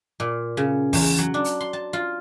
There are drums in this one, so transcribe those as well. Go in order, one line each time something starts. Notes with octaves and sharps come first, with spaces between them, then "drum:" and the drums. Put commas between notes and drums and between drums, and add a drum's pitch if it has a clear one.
A#2
C#3
E2, drum: kick, open hi-hat
F#3
D4
drum: hi-hat
C6
A5
F4